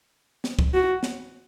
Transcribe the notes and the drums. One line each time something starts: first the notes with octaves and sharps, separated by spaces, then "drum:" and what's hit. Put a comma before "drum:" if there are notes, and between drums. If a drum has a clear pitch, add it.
drum: snare
drum: kick
F#4
drum: snare